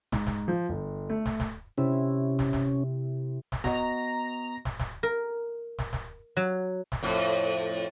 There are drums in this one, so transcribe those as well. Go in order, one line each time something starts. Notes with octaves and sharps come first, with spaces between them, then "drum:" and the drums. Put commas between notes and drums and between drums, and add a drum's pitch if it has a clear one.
G#2, drum: snare
drum: snare
F3
G1
A3
drum: snare
drum: snare
C3 C#4 E4
drum: snare
drum: snare
drum: snare
B3 F#4 D#5 A#5, drum: snare
drum: snare
drum: snare
A#4
drum: snare
drum: snare
F#3
drum: snare
F2 A2